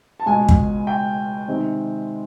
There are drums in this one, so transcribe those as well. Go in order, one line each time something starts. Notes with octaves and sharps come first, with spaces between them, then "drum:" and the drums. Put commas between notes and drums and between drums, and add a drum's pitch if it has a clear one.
A5
C#2 B2 G#3 G#5
drum: kick
G5
C3 D#3 G#3 C4